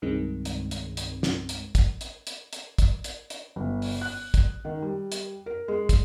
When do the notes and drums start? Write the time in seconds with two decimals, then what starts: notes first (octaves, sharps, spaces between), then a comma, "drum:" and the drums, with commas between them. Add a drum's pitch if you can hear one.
0.02 C2 G2 D#3 G#3 C4
0.45 drum: hi-hat
0.71 drum: hi-hat
0.97 drum: hi-hat
1.23 drum: snare
1.49 drum: hi-hat
1.75 drum: kick, hi-hat
2.01 drum: hi-hat
2.27 drum: hi-hat
2.53 drum: hi-hat
2.78 drum: kick, hi-hat
3.04 drum: hi-hat
3.30 drum: hi-hat
3.56 G1
3.82 drum: open hi-hat
4.01 F#6
4.34 drum: kick, hi-hat
4.65 D#3
4.82 G3
5.12 drum: hi-hat
5.46 A#4
5.68 G#3
5.89 drum: kick, hi-hat